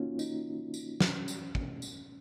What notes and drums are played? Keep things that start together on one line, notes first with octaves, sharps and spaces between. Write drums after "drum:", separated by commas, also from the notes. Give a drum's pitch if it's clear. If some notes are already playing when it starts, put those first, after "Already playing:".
Already playing: A#3 C#4 D#4 F4 F#4
D#4, drum: tambourine
drum: tambourine
C#4, drum: snare
drum: tambourine
drum: kick
drum: tambourine